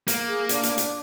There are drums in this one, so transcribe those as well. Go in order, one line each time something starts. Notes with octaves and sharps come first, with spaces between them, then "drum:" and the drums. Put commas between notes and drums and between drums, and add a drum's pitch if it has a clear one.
A#3, drum: hi-hat
G#4
D4, drum: hi-hat
drum: hi-hat
drum: hi-hat